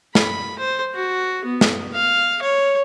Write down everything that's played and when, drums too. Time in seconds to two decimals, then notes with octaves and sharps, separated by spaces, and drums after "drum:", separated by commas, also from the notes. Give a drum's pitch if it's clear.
0.15 B5, drum: snare
0.59 C5
0.94 F#4
1.45 B3
1.61 drum: snare
1.93 F5
2.42 C#5